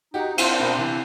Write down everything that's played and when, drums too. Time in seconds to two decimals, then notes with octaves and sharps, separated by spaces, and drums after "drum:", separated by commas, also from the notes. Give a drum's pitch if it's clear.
0.14 D#4 F#4 G4
0.38 C4 D4 E4 F4 C5 C6, drum: cymbal
0.60 B2 A#4 B5
0.75 C3 E3